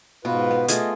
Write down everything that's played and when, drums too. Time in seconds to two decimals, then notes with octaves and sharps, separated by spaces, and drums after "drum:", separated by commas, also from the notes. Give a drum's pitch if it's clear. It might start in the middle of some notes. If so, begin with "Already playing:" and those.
0.25 G#2 B2 F4 B4
0.51 B3
0.68 A3 F4 G#4 D#5, drum: hi-hat